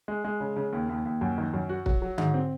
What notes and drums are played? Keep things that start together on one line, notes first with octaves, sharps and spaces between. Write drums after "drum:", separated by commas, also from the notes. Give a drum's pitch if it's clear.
G#3
G#3
C#3
C#3
D#2
D#2
D#2
F#2
D#3
F#2
F#4
F#3, drum: kick
F#3
G#2, drum: tom D3
C4